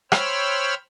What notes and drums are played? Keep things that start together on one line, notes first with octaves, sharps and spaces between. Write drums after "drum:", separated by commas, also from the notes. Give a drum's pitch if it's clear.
C5 C#5 G5 B5 E6 F6, drum: rim click